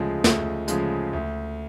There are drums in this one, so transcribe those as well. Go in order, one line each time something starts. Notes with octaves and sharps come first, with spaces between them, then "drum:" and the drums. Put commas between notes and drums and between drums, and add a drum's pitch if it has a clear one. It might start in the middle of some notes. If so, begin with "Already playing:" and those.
Already playing: D2 C#3 F3 G#3
D2, drum: snare
C#3 F3 G#3, drum: hi-hat
D2